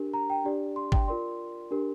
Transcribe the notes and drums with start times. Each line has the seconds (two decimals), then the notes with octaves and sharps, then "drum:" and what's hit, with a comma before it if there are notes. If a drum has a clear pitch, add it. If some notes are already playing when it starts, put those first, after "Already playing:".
Already playing: D4 G4 A#4
0.14 A#5
0.30 G5
0.44 D4 G4 D5
0.76 C6
0.92 G5, drum: kick
1.08 F4 A#4 D5 C6
1.71 D4 G4 A#4